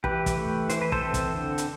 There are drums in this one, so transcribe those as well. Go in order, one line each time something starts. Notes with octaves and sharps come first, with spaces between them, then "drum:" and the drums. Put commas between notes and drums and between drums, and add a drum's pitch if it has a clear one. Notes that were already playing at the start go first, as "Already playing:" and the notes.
E3 G4 B4, drum: kick
drum: kick, hi-hat
A3
E3 C5, drum: hi-hat
B4
A4 C5, drum: kick
C4
drum: kick, hi-hat
D3
drum: hi-hat